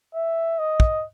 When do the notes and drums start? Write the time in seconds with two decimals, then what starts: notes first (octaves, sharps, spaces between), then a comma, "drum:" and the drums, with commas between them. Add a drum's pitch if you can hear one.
0.15 E5
0.59 D#5
0.80 drum: kick